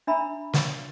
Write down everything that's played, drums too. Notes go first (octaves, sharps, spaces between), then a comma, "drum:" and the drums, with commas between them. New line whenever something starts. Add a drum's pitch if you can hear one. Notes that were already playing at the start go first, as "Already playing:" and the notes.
D4 E5 A#5 B5 E6
drum: snare